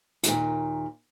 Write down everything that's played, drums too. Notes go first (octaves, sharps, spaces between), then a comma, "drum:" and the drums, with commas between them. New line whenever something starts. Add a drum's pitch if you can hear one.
D#2 A#2, drum: hi-hat